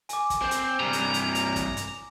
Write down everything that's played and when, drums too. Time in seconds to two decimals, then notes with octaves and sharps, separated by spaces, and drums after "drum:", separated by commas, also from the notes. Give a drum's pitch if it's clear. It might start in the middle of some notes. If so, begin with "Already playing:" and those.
0.09 G#5 D6, drum: hi-hat
0.30 drum: kick, hi-hat
0.42 C4
0.51 drum: hi-hat
0.80 G2 C3 A#5
0.93 drum: hi-hat
1.14 drum: hi-hat
1.35 drum: hi-hat
1.56 drum: kick, hi-hat
1.77 drum: hi-hat